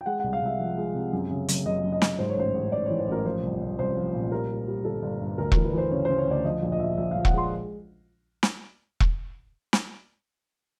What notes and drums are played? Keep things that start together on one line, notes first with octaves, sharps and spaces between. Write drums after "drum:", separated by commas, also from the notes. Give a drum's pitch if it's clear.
G5
G#3 F#5
C2 F#5
F5
C2 E5
F3
G#3
C3
F#2
C#3
F#1, drum: hi-hat
F#1 D#5
F#2
D#5
F#1, drum: snare
G#2 C5
C#5
A1 C5
A1
G#2 D5
C#5
E3
C5
A1 A#4
F3 C5
C2
C2
C2 C5
F3
A#2
G3 A#4
G3
G3
G1 A4
G1
G2
D2 A#4
A#4, drum: kick E1
E3
B4
E3 C5
C#3 C#5
C#3 C5
C#5
D2 D5
F3 D#5
A#1
D#5
A#1 E5
A#1 E5
A#1 F5
F#5, drum: kick E1
G#3 C6
drum: snare
drum: kick E1
drum: snare